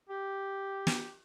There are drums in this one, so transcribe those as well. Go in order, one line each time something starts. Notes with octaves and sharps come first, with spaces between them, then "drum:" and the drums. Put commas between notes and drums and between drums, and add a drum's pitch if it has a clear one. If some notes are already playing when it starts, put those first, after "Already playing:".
G4
drum: snare